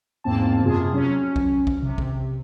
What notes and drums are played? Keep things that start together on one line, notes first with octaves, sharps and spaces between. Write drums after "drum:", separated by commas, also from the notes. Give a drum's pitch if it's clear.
E2 G#2 A#3 C4 A5
F#2 C3 F4 G#4
F#3 C#4
drum: kick B1
drum: kick B1
C3
drum: kick B1